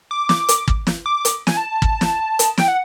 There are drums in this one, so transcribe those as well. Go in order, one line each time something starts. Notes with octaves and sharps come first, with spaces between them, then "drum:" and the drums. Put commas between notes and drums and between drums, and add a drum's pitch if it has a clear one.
D6
D6, drum: snare
drum: hi-hat
drum: kick
drum: snare
D6
drum: hi-hat
G#5, drum: snare
A5
drum: kick
drum: snare
drum: hi-hat
G5, drum: snare
F#5